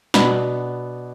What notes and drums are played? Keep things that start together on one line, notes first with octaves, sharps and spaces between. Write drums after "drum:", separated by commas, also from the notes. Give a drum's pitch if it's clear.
B2 B3 D4 B5, drum: snare